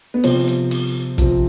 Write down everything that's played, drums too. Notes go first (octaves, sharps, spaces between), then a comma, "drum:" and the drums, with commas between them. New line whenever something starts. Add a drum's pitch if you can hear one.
B3
C3 F3 C4, drum: open hi-hat
drum: hi-hat
drum: open hi-hat
C3 F3, drum: kick, hi-hat